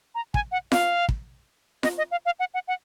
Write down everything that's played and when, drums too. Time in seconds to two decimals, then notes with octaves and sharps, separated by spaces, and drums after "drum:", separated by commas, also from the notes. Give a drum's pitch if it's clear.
0.15 A#5
0.34 G#5, drum: kick
0.52 F#5
0.72 F5, drum: snare F4
1.09 drum: kick
1.83 D#5, drum: snare F4
1.98 D#5
2.11 F5
2.25 F5
2.40 F#5
2.54 F#5
2.68 F#5